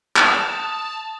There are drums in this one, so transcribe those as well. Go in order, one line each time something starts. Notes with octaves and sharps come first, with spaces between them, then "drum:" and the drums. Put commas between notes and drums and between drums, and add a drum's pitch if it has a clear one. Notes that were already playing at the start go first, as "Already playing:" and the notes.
A5 D#6 A6, drum: clap